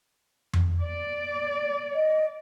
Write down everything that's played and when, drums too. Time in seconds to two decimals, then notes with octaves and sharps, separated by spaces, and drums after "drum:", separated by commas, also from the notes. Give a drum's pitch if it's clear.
0.53 drum: tom F2
0.83 D5
1.95 D#5